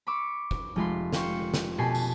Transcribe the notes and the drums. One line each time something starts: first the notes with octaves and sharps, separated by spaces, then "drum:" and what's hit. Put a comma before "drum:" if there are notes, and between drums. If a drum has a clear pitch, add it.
B5 C#6 D6 E6
drum: kick
F1 G#3 F4 B5 C6
F5 G5 C6 C#6, drum: snare
drum: snare
B2 G4 A4 G#5 B5 C7
drum: tambourine